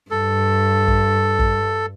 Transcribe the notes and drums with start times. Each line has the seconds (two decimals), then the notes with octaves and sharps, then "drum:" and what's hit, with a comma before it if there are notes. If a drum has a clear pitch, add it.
0.11 G2 A4
0.88 drum: kick
1.39 drum: kick